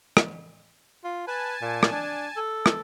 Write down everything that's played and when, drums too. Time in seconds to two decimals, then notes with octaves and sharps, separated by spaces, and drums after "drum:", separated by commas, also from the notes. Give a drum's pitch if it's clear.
0.17 drum: rim click
1.04 F4
1.27 B4 G#5 A5
1.61 A#2
1.83 drum: rim click
1.92 D4
2.37 A4
2.66 drum: rim click